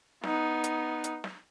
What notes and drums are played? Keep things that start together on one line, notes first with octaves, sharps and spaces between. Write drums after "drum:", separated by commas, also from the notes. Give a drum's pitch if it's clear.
B3 D#4, drum: snare
drum: hi-hat
drum: hi-hat
drum: snare